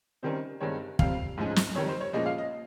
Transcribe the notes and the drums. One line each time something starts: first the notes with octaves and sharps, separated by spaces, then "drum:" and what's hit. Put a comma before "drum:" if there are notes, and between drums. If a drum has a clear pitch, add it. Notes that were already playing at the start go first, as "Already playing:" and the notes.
C3 D#3 G3 C#4 C5
G2 D#3 G#3 C4 C#5
F2 C3 G3 C4 F5, drum: kick
G#2 F3 G#3 C#4
drum: snare
F2 D#3 G3 C#5
C5
C#5
A#2 F3 G#3 C#4 D#5
F5
D#5